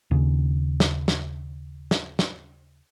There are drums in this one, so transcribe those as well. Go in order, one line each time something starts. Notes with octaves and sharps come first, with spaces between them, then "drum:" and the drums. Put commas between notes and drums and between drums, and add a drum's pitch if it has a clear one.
D#2 C#3
drum: snare
drum: snare
drum: snare
drum: snare